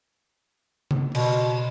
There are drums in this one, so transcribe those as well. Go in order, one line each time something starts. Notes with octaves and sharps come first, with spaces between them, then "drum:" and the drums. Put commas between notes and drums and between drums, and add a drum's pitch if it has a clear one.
drum: tom C#3
B2, drum: cymbal